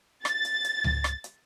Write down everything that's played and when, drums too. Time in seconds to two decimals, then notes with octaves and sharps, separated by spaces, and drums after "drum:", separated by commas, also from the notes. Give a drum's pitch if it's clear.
0.25 A6, drum: rim click
0.45 drum: hi-hat
0.65 drum: hi-hat
0.84 drum: tom C#2
1.04 drum: rim click
1.24 drum: hi-hat